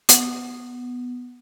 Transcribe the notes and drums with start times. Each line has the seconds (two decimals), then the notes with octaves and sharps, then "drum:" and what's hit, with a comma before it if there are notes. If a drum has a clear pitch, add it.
0.09 B3, drum: hi-hat